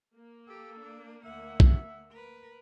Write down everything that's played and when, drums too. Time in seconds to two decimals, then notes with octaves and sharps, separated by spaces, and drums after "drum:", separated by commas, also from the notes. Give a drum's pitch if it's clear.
0.16 A#3
0.48 G4 A4
0.80 D4
1.25 D2 E5 F#5
1.60 drum: kick B1
2.12 A#4 B4